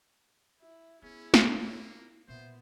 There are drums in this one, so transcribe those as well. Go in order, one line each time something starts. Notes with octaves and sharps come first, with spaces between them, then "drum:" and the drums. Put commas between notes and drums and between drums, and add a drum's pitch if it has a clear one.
E4 E5
B3 C#4 E4 G#4
drum: snare
A#3 C#5
E4
A#2 B3 C5 E5